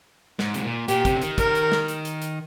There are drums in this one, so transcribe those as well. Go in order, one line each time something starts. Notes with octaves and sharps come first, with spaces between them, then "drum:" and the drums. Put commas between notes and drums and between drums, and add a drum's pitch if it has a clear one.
G#2, drum: snare
C3, drum: hi-hat
A#2
A#2 G4, drum: hi-hat
C3, drum: kick, hi-hat
D3
D#3, drum: hi-hat
A#4, drum: kick, hi-hat
drum: hi-hat
drum: snare
drum: hi-hat
drum: hi-hat
drum: hi-hat